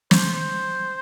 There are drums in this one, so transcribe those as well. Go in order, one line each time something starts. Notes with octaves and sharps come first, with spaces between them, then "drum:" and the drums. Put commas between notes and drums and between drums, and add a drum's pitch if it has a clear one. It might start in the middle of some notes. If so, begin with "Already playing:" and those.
C5, drum: snare
C5